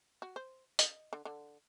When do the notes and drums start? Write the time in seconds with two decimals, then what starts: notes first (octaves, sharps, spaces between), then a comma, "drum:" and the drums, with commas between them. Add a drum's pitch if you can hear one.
0.22 F#4
0.36 C5
0.79 D#5, drum: hi-hat
1.13 D3
1.25 D3